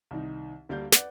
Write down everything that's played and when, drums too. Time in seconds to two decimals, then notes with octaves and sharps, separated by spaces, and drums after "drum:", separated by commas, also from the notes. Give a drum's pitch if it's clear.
0.11 C2 D#3 D#4
0.69 D2 G3 A#3 F5 G6
0.92 B4 D5 F#5, drum: snare